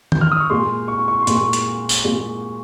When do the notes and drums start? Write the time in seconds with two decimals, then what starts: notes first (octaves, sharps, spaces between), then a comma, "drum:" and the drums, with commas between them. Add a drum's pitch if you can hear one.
0.12 G6, drum: tom D#3
0.21 F6
0.32 D#6
0.40 C#6
0.50 A#2 G#3 C6
0.88 C#6
1.08 C#6
1.22 C6
1.27 A#2 G#3, drum: hi-hat
1.35 C#6
1.53 drum: hi-hat
1.89 drum: tambourine
2.05 A#2 G#3